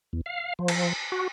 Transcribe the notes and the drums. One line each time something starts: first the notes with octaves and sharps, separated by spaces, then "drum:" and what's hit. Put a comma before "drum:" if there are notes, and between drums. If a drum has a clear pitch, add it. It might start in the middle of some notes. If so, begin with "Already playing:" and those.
E2
F5
F3
drum: cymbal
F#4